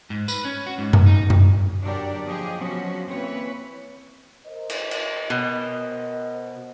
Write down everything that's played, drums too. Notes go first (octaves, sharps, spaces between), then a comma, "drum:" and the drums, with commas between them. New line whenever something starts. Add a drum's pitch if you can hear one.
G#2
B4, drum: tambourine
C#4
F#4
G#2
drum: tom F#2
D#4
drum: tom F#2
D3 F#3 D4 G4 A#4 D5
F3 G4 G#4 D#5
B2 F3 F#3 C#4 F#4
E3 A#3 C4 B4 C#5
A#4 C5 D#5
drum: cymbal
drum: cymbal
B2